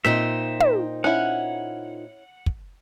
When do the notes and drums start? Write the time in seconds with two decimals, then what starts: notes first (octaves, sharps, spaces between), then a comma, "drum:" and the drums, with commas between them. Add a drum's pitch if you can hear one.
0.05 A#2 C4 D#4 E5
0.60 drum: tom
1.04 C#4 E4 F#5
2.46 drum: kick